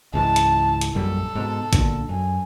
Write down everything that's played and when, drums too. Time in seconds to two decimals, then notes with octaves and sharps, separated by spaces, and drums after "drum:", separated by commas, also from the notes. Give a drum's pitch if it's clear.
0.13 C#2 G#2 E3 A5
0.36 drum: hi-hat
0.81 drum: hi-hat
0.95 A#1 F#2 G3 A4
1.35 G#2 B2
1.73 B1 A#2 D3, drum: kick A1, hi-hat
2.09 F#2 G#5